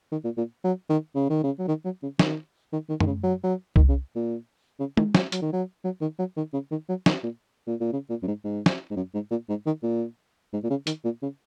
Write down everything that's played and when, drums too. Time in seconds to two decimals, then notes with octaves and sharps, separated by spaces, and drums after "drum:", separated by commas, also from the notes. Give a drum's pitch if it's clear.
0.12 D#3
0.24 A#2
0.38 A#2
0.64 F#3
0.89 D#3
1.15 C#3
1.30 D#3
1.43 C#3
1.59 F#3
1.68 D#3
1.85 F#3
2.03 C#3
2.19 D#3, drum: snare
2.72 D#3
2.89 D#3
3.00 D#3, drum: tom F#2
3.06 C#3
3.24 F#3
3.44 F#3
3.76 D#3, drum: kick C2
3.89 C#3
4.16 A#2
4.79 C#3
4.97 D#3, drum: tom G#3
5.15 F#3, drum: snare
5.32 F#3, drum: hi-hat
5.42 D#3
5.53 F#3
5.84 F#3
6.01 D#3
6.19 F#3
6.37 D#3
6.53 C#3
6.71 D#3
6.89 F#3
7.06 D#3, drum: snare
7.24 A#2
7.67 A#2
7.80 A#2
7.93 C#3
8.10 A#2
8.23 F#2
8.27 G#2
8.44 G#2
8.66 drum: snare
8.91 G#2
8.96 F#2
9.14 G#2
9.31 A#2
9.49 G#2
9.66 D#3
9.83 A#2
10.53 G#2
10.64 A#2
10.70 C#3
10.87 D#3, drum: hi-hat
11.04 A#2
11.23 C#3